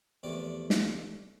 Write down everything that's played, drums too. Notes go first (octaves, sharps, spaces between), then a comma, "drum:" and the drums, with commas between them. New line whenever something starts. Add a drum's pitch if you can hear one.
E2 C3 F3 A3 D5
drum: snare